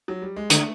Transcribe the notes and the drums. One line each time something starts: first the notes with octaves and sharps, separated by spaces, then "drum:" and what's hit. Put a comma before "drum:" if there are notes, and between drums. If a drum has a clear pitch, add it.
F#3
G3
G#3
D3 A3, drum: hi-hat